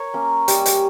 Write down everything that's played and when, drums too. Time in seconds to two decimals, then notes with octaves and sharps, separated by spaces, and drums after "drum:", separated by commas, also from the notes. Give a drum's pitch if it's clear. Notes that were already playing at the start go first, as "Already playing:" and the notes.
Already playing: A#4 C#5
0.14 A#3 C#4
0.48 G3, drum: hi-hat
0.66 drum: hi-hat